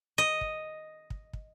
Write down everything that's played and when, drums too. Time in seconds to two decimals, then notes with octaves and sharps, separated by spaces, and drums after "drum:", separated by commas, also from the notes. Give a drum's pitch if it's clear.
0.18 D#5
0.41 drum: kick
1.10 drum: kick
1.33 drum: kick